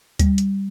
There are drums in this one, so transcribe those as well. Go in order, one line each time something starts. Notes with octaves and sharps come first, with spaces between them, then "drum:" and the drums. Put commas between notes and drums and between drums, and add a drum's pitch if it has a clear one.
G3, drum: kick D2, hi-hat
drum: hi-hat